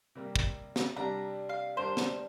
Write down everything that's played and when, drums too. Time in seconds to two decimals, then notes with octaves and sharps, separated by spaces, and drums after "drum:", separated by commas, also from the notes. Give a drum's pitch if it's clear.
0.15 C3 G3 A#3
0.36 drum: kick
0.76 drum: snare
0.96 C3 G3 D4 A#5
1.49 F5
1.77 G3 D4 A#4 C5
1.97 drum: snare